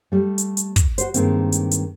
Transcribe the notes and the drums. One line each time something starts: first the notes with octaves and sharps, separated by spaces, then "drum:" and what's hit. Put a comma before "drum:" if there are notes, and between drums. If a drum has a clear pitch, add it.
G3 A3
drum: hi-hat
drum: hi-hat
drum: kick, hi-hat
F#4 C5, drum: hi-hat
G2 D#3 G#3 A#3 C4, drum: hi-hat
drum: hi-hat
drum: hi-hat